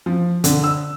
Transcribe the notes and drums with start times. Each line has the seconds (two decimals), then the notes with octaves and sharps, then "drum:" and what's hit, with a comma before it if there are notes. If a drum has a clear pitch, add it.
0.06 F3
0.44 D3, drum: hi-hat
0.64 E6